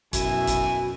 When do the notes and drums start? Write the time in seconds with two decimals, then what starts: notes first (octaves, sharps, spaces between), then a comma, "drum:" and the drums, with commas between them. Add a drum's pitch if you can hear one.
0.13 F#2 B2 E4 F#4 G#5, drum: kick, hi-hat
0.47 drum: kick, hi-hat